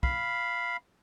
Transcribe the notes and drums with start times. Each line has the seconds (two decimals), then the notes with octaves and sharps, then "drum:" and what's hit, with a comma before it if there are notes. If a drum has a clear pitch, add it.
0.03 F5 B5, drum: kick